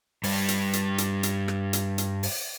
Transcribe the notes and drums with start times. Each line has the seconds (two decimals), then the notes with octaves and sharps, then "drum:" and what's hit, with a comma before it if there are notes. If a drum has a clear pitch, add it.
0.24 G2 G3, drum: open hi-hat
0.48 drum: hi-hat
0.73 drum: hi-hat
0.98 drum: hi-hat
1.23 drum: hi-hat
1.48 drum: rim click
1.73 drum: hi-hat
1.98 drum: hi-hat
2.23 drum: open hi-hat